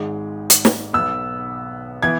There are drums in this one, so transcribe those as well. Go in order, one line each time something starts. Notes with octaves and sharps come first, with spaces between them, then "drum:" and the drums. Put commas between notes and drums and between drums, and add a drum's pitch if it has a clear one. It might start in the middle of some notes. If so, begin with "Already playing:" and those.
Already playing: G#1 G#2 G#3
drum: hi-hat
drum: snare
B1 B2 B3 E6
E3 B3 G#6